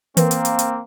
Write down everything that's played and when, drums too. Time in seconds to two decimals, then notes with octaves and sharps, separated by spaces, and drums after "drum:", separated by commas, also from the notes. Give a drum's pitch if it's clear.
0.17 E3 A#3 C4, drum: hi-hat
0.31 drum: hi-hat
0.45 drum: hi-hat
0.59 drum: hi-hat